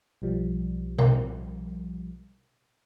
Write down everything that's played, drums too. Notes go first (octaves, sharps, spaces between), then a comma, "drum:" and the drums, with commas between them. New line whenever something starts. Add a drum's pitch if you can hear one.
B1 F3 G3
drum: tom B2